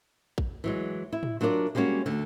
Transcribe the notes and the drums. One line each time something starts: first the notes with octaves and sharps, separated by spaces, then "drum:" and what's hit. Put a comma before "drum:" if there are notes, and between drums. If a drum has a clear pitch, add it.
drum: kick
E3 F#3 G#3
E4
drum: tom
F#3 D4 F4 A#4 D5
G3 G#3 A#3 C#4 F#4
D2 D3